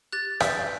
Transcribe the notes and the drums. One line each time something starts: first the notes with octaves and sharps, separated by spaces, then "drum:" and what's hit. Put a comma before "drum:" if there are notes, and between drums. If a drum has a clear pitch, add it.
G4 F#6 A6
B4 D5 G6 B6, drum: rim click